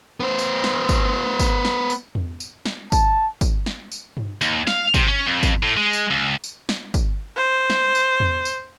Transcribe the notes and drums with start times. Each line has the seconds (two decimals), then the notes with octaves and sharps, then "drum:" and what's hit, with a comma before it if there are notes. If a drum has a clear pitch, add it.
0.20 B3 C5
0.39 drum: tambourine
0.64 drum: snare
0.89 drum: kick, tambourine
1.39 drum: kick, tambourine
1.65 drum: snare
1.90 drum: tambourine
2.15 drum: tom E2
2.40 drum: tambourine
2.66 drum: snare
2.92 A5, drum: kick, tambourine
3.41 drum: kick, tambourine
3.66 drum: snare
3.92 drum: tambourine
4.17 drum: tom G2
4.41 D#2, drum: tambourine
4.67 F5, drum: snare
4.94 C3, drum: kick, tambourine
5.07 C#4
5.27 F2
5.43 drum: kick, tambourine
5.63 A2
5.77 G#3
5.93 drum: tambourine
6.10 C#2
6.44 drum: tambourine
6.69 drum: snare
6.94 drum: kick, tambourine
7.36 C5
7.70 drum: snare
7.95 drum: tambourine
8.20 drum: tom E2
8.45 drum: tambourine